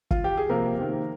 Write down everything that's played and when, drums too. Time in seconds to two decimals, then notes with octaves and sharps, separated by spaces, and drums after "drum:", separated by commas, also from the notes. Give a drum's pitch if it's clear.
0.11 F4, drum: kick
0.24 G4
0.37 G#4
0.49 C3 F3 A#3 A#4
0.77 C3 D#3 A#3